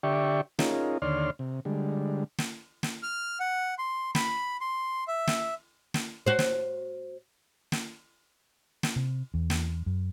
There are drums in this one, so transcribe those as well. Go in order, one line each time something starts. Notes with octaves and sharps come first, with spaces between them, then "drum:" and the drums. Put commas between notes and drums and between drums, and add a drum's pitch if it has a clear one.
D3 G4 D5 E5 G5 C#6
C#4 D#4 F4 G#4 A#4, drum: snare
D#2 D3 C#5 D5 C6 F6
C3
D3 G3 G#3
drum: snare
drum: snare
F6
F#5
C6
B5, drum: snare
C6
E5
drum: snare
drum: snare
F#4 C5
drum: snare
drum: snare
drum: snare
C3
E2
drum: snare
F#2